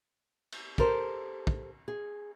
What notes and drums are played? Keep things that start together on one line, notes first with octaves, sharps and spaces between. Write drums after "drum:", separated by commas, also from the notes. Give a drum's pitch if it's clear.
drum: cymbal
G4 A4 A#4 C5, drum: kick
drum: kick
G#4